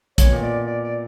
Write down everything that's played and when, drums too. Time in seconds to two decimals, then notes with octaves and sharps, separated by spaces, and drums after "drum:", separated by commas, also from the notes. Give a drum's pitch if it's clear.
0.18 A#2 C#5, drum: kick, hi-hat
0.26 B2
0.33 A#2
0.42 D5
0.67 D5
0.83 D5